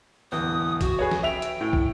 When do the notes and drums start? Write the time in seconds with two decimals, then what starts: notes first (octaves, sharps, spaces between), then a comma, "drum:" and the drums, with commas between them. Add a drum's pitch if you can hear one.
0.32 D1 E2 D#6
0.81 F#4, drum: kick, hi-hat
0.99 G#4 B4 C#5
1.11 drum: snare
1.23 E5 G5 F7
1.42 drum: hi-hat
1.61 A2
1.73 drum: kick